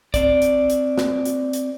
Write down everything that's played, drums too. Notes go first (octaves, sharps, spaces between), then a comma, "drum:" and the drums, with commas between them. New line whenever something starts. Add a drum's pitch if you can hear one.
C4 D5, drum: kick, hi-hat
drum: hi-hat
drum: hi-hat
drum: snare
drum: hi-hat
drum: hi-hat